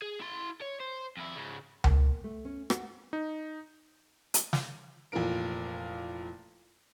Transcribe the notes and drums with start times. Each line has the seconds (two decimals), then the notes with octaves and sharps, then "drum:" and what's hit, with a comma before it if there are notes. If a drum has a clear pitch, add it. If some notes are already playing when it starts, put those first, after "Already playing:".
0.02 G#4
0.20 E4 C6
0.61 C#5
0.80 C5
1.17 F2 E4
1.36 G#2 C#3
1.84 A#3, drum: tom C#2
2.24 A3
2.45 C#4
2.70 F#4, drum: rim click
3.13 D#4
4.34 drum: hi-hat
4.53 drum: snare
5.12 F1 A#2 E3 F3 A#4 D7